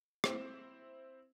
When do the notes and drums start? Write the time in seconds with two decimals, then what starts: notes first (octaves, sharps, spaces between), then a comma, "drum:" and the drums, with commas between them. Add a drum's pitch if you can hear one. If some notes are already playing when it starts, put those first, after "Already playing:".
0.24 C4 E4 C5, drum: rim click